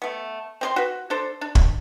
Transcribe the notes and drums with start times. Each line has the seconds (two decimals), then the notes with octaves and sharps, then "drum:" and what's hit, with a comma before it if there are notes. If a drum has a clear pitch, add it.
0.02 A3 B3
0.61 C4 A#4 C6
0.76 F#4 B4
1.10 D4 A4 C5
1.41 D4
1.55 drum: kick